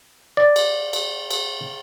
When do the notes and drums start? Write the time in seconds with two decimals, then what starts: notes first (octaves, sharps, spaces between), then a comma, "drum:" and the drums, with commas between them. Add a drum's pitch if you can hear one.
0.37 D5
0.56 drum: cymbal
0.93 drum: cymbal
1.31 drum: cymbal